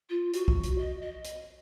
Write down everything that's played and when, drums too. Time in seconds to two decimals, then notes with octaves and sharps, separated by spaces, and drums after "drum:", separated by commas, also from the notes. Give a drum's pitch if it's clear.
0.10 F4
0.33 F#4, drum: hi-hat
0.48 drum: kick
0.63 drum: hi-hat
0.78 D#5
1.01 D#5
1.24 drum: hi-hat